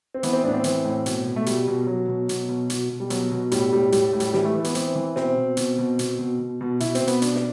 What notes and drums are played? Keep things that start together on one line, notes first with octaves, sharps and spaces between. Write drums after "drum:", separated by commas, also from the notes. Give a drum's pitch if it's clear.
C4
E3 B3, drum: hi-hat
C4
A2 D4
B3
C4
E3, drum: hi-hat
A2
B2, drum: hi-hat
B2
A3
B2 G3, drum: hi-hat
B2
B2 F#3
B2
B2, drum: hi-hat
B2
B2, drum: hi-hat
B2
G3
B2 F#3, drum: hi-hat
B2
A2 G3, drum: hi-hat
A2 G3
A2 G3, drum: hi-hat
A2
G3, drum: hi-hat
E3 G3, drum: snare
A3
E3
B3, drum: hi-hat
E3 C4, drum: hi-hat
E3
B2 C4, drum: snare
B2
B2, drum: hi-hat
B2
B2, drum: hi-hat
B2
B2
B2
B2 E4, drum: hi-hat
C4, drum: hi-hat
B2
B3, drum: hi-hat
B2 D4, drum: hi-hat
drum: snare